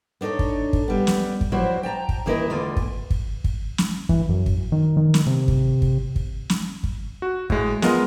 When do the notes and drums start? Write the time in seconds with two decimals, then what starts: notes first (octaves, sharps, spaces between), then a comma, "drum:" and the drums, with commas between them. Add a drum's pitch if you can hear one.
0.21 B3 D4 D#4 A4 C#5
0.39 drum: kick
0.73 drum: kick
0.88 G3 B3
1.07 drum: snare
1.41 drum: kick
1.52 F3 F#3 E4 F#4 C5 D5
1.83 G5 A5 A#5
2.09 drum: kick
2.26 D#2 E3 E4 A#4 C5 D#5
2.50 E2 D3 A3 F4 G#5
2.77 drum: kick
3.10 drum: kick
3.44 drum: kick
3.78 drum: snare
4.09 E3, drum: kick
4.29 F#2
4.46 drum: kick
4.72 D#3
4.97 D#3
5.14 drum: snare
5.27 C3
5.48 drum: kick
5.82 drum: kick
6.16 drum: kick
6.50 drum: snare
6.83 drum: kick
7.22 F#4
7.50 A2 G#3, drum: kick
7.82 G#3 B3 F4 A#4 D#5, drum: snare